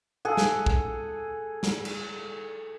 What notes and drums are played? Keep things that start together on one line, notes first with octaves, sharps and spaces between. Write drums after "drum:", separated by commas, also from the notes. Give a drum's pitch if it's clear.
G#4 A4 F#5
drum: snare
drum: kick
drum: snare
drum: cymbal